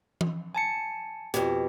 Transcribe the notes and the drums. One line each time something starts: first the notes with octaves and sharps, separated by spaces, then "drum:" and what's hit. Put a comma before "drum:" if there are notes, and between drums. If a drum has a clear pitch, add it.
drum: tom E3
G#5 A5 C#7
F2 B2 G4, drum: hi-hat